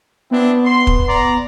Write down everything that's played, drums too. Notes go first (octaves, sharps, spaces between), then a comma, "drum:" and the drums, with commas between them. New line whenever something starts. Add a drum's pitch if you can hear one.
B3 C4 D4 E4
C6
drum: kick
D5 A#5